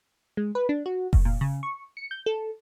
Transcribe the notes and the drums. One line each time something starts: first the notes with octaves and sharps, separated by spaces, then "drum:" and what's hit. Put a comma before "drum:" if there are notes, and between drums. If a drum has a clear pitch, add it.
G#3
B4
D4
F#4
F#2, drum: kick F1
A#2
C#3
C#6
C#7
G6
A4